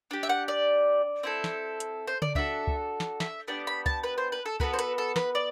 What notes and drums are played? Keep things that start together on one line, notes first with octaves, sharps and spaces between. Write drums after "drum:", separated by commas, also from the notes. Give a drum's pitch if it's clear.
D4 G4
E5
F#5
D5
C4 E4 A4
drum: snare
drum: hi-hat
C5
D5, drum: tom C#3
D4 F#4 A4 E5, drum: kick
drum: kick
drum: snare
E5, drum: snare
B3 D4 G4 D5
B5
A5, drum: kick
B4
C5
B4
A4
B3 F#4 A4 B4, drum: kick
C5
B4, drum: hi-hat
A4
B4, drum: snare
D5